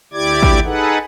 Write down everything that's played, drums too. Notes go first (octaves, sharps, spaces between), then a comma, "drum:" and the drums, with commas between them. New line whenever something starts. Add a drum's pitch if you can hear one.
D2 E4 G4 D5 D6 G#6
drum: kick
D#4 G#4 A4 B4 F#5